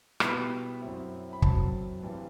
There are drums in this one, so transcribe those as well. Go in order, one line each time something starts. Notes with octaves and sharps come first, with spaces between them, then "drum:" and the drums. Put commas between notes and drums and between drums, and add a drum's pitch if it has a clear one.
B2 G3 B3 E4 B5, drum: rim click
F#2 F#3 C4 E4
B5
F#2 F#3 C4 E4 A5, drum: kick
G2 E3 G3 C4